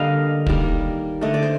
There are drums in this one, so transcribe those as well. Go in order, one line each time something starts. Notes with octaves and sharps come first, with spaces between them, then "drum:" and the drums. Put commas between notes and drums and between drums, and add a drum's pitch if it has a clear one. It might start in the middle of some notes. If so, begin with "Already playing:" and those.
Already playing: D3 G3 A#3 D#5 F5
D#3 G3 A#3, drum: kick
D3 A3 D#5
D5
C5